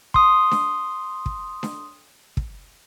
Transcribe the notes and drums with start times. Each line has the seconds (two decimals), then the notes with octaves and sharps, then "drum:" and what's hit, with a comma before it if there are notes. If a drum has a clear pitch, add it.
0.14 C6 D#6, drum: kick
0.51 drum: snare D4
1.26 drum: kick
1.63 drum: snare D4
2.37 drum: kick